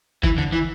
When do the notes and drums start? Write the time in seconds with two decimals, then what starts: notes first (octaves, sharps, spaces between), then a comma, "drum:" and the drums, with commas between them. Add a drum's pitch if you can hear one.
0.23 E3, drum: kick
0.38 D3
0.53 E3